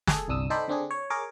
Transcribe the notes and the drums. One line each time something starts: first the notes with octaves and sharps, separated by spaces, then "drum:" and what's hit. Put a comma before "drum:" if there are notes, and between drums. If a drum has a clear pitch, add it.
G#4 A4, drum: snare
G1 C2 D4 D#6 E6
D#4 A4 C5 D5 G5 B5
D3 C4 D4 G#4
C#5
G#4 A#4 C#5 D6